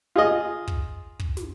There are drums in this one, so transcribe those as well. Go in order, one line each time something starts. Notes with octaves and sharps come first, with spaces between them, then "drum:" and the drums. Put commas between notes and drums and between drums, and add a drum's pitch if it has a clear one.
F4 G#4 D#5
drum: kick
drum: kick
drum: snare